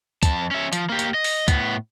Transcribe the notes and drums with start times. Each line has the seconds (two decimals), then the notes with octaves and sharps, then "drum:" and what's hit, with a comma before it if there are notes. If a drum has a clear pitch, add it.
0.23 F2 A5, drum: kick, hi-hat
0.51 C#4 E5
0.73 F3, drum: hi-hat
0.89 A#3 G4
0.99 drum: hi-hat
1.14 D#5
1.24 drum: open hi-hat
1.48 A2 B3, drum: kick, hi-hat